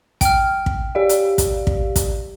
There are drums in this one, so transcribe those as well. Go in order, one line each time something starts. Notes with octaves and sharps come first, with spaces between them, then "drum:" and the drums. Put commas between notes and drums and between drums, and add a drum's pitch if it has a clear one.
G5 F6, drum: kick, hi-hat
drum: kick
G4 D5 F5
drum: hi-hat
drum: kick, hi-hat
drum: kick
drum: kick, hi-hat